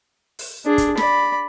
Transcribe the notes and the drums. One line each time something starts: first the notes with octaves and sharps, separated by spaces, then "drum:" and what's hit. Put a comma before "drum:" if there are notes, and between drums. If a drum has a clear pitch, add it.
drum: open hi-hat
D4 G#4
drum: kick, hi-hat
D5 B5, drum: snare